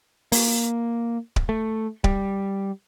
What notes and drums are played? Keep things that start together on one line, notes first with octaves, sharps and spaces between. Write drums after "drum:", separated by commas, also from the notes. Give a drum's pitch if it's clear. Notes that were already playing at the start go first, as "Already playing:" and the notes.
A#3, drum: open hi-hat
drum: kick D1
A3
G3, drum: kick D1